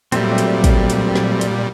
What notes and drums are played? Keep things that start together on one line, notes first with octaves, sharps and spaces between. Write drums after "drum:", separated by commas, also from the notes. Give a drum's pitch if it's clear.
A#2 F#3 G3 A3 C4, drum: hi-hat
drum: hi-hat
drum: kick, hi-hat
drum: hi-hat
drum: snare
drum: hi-hat